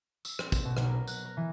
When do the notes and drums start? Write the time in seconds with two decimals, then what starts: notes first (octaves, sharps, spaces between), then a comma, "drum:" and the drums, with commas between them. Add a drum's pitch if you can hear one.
0.25 E6, drum: tambourine
0.39 C4, drum: rim click
0.52 E7, drum: kick, tambourine
0.65 B2
0.77 B1, drum: rim click
0.89 A#4
1.08 F#6, drum: tambourine
1.25 A#4
1.37 E3